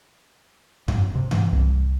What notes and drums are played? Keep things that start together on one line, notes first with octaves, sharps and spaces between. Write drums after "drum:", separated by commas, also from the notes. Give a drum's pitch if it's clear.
F#2, drum: tom G2
C3
E3, drum: tom G2
C2